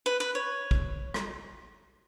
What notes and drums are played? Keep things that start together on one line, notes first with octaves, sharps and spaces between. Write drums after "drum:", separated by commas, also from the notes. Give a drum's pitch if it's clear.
B4
B4
C#5
drum: kick
drum: rim click